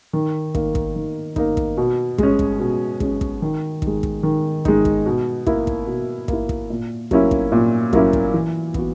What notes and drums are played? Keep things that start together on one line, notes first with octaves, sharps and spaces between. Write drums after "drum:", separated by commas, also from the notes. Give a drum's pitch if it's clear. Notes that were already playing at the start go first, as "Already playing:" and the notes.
D#3
A#3 D#4, drum: kick
drum: kick
D#3
A#3 D#4, drum: kick
drum: kick
B2
G#3 C#4, drum: kick
drum: kick
B2
G#3 C#4, drum: kick
drum: kick
D#3
G#3 D#4, drum: kick
drum: kick
D#3
G#3 D#4, drum: kick
drum: kick
B2
A#3 E4, drum: kick
drum: kick
B2
A#3 E4, drum: kick
drum: kick
A#2
F#3 A#3 C#4 E4, drum: kick
drum: kick
A#2
F#3 A#3 C#4 E4, drum: kick
drum: kick
E3
B3 F#4, drum: kick